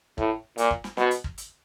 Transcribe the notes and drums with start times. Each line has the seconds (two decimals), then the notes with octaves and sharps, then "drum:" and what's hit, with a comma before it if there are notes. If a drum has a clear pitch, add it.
0.18 A2, drum: kick
0.58 A#2, drum: hi-hat
0.71 drum: kick
0.84 drum: snare
0.97 B2, drum: snare
1.11 drum: hi-hat
1.24 drum: kick
1.38 drum: hi-hat